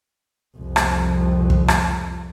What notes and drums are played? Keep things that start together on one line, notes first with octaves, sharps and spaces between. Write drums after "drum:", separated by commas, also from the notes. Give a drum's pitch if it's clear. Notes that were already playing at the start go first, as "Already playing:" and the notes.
C2 F2
drum: rim click
drum: kick
drum: rim click